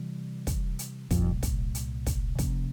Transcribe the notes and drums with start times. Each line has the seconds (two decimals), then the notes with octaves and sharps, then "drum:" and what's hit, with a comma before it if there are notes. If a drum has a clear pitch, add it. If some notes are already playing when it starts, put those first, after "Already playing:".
Already playing: C3 E3 G3
0.47 drum: kick, hi-hat
0.79 drum: hi-hat
1.11 C2 F2 A#2 G3, drum: kick, hi-hat
1.43 drum: kick, hi-hat
1.75 drum: hi-hat
2.07 drum: kick, hi-hat
2.39 C3 F3 A#3 C#4, drum: kick, hi-hat